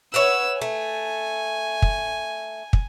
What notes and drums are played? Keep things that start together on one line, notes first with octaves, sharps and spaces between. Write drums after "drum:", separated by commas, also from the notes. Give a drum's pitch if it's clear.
B4 C#5 E5 F#5 E6
A3 G#5
drum: kick
drum: kick